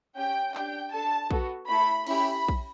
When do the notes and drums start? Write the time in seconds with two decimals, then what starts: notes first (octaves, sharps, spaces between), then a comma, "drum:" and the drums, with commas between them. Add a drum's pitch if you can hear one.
0.16 C#4 G4 G5
0.54 D4 G4 G5, drum: clap
0.92 D4 A4 A5
1.31 B3 F#4 A4, drum: kick A#1
1.68 A3 E4 A4 B5
2.07 C#4 E4 G4 B5, drum: cymbal
2.48 drum: kick A#1